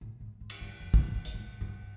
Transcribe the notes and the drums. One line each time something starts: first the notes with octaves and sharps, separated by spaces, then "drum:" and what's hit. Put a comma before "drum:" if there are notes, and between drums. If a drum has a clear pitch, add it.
A2
G#2
G#2
drum: cymbal
G2
F2
drum: kick
F#2
drum: hi-hat
G#2
G2